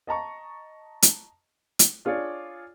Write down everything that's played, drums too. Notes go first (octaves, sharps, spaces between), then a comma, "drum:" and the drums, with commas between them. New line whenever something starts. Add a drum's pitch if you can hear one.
D#5 A5 A#5 C#6
drum: hi-hat
drum: hi-hat
D4 F4 G#4 C#5 D5